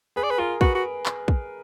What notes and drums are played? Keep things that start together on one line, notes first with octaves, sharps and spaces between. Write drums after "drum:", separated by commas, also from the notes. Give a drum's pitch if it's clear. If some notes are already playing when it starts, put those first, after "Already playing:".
G#4 B4
D5
B4
F4 A#4
F#4 B4, drum: kick
F#4
drum: clap
drum: kick